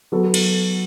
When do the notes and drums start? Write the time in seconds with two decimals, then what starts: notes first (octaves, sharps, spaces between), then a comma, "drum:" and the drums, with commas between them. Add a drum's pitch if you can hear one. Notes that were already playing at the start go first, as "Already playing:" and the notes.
0.12 F#3 B3 F#4 A4
0.34 drum: cymbal